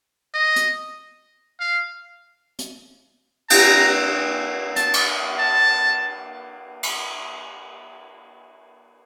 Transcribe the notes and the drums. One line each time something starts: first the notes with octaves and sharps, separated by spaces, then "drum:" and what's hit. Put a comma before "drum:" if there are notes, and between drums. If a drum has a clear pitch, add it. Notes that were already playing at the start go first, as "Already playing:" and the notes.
D#5
drum: hi-hat
F5
drum: hi-hat
A#5, drum: cymbal
A5, drum: hi-hat
drum: cymbal
A5
drum: cymbal